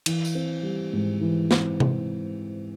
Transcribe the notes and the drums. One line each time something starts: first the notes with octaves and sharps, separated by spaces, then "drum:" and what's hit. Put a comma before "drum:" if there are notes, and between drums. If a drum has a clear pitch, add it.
E3, drum: cymbal
drum: tambourine
C4
G3
G#2
E3
C4, drum: snare
drum: tom C3